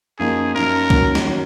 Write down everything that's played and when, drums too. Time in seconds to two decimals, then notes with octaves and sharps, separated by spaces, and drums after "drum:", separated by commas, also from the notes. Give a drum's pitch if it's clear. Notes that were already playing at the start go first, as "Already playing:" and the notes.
0.19 F#2 F3 A#3 D#4 G#4
0.54 F#2 F3 A#3 D#4 A#4
0.90 D#3 F#3 A#3 C#4, drum: kick C#2
1.15 drum: snare
1.26 D#3 F#3 A#3 C#4